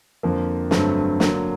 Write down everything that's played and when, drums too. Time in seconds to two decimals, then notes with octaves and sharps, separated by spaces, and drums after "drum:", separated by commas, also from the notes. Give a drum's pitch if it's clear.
0.23 F2 D3 F3 A#3
0.71 G2 D3 F#3 A3 C4, drum: snare
1.20 D3 F#3 A#3, drum: snare